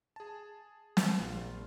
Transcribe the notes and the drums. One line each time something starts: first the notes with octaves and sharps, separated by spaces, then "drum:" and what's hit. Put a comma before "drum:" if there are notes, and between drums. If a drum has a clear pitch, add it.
G#4 A5
drum: snare
A#1 F4